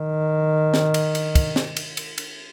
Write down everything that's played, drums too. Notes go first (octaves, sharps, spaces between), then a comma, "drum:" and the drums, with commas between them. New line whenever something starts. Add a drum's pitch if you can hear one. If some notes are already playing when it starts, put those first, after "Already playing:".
Already playing: D#3
drum: snare
drum: cymbal
drum: cymbal
drum: kick, cymbal
drum: snare
drum: cymbal
drum: cymbal
drum: cymbal